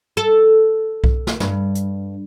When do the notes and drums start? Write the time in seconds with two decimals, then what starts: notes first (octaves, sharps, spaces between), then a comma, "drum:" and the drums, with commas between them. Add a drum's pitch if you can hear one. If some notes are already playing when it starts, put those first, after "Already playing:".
0.17 A4
1.04 drum: kick B1
1.27 drum: snare
1.40 G2, drum: snare
1.75 drum: hi-hat